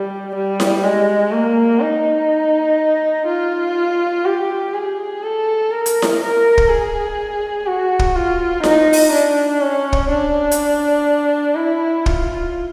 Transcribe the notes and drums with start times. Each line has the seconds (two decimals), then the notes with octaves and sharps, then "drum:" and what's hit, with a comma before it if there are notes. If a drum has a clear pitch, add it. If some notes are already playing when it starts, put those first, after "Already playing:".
Already playing: G3
0.35 G3
0.60 drum: snare E4
0.83 G#3
1.32 A#3
1.80 D#4
3.27 F4
4.25 G4
4.74 G#4
5.23 A4
5.71 A#4
5.86 drum: hi-hat
6.02 drum: snare E4
6.20 A#4
6.58 drum: kick
6.68 G#4
7.67 F#4
7.99 drum: kick
8.15 F4
8.64 D#4, drum: snare E4
8.93 drum: open hi-hat
9.13 D4
9.61 C#4
9.93 drum: kick
10.10 D4
10.51 drum: hi-hat
11.56 E4
12.06 F4, drum: kick